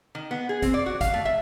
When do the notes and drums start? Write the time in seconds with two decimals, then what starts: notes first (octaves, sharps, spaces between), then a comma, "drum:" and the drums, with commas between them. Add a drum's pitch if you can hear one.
0.15 D#3
0.31 B3
0.49 G#4
0.62 C4, drum: kick G#1, hi-hat
0.74 D5
0.86 F#4
1.01 F5, drum: kick G#1, hi-hat
1.14 A3
1.25 E5